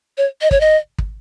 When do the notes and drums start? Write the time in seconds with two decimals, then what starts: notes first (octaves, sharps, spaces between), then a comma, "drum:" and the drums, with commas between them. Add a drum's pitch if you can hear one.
0.18 C#5
0.42 D#5
0.51 C#5, drum: kick
0.61 D#5
0.98 drum: kick